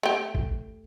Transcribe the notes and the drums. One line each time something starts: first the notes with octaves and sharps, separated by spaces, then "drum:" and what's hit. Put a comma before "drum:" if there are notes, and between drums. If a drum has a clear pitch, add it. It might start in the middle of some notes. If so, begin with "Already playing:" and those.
A3 G4
drum: kick